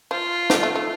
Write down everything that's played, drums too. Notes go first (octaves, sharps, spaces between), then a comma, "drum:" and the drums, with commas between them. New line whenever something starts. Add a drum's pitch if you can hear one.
F3 F4
A3, drum: snare
A3
A3